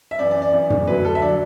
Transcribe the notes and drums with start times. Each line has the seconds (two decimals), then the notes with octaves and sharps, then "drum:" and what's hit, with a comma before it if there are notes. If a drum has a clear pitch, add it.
0.11 E5
0.19 F#2 E3 D5
0.31 D5
0.42 D5
0.53 F#2 E3 D5
0.70 drum: tom
0.87 D2 D3 F#3 B4
1.05 A4
1.15 E5
1.22 D3 F#3 D5